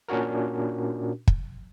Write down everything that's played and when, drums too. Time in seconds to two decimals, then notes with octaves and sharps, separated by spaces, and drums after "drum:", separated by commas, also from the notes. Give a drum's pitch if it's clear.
0.08 A#2 C#4 D4 F#4 A#4
1.27 drum: kick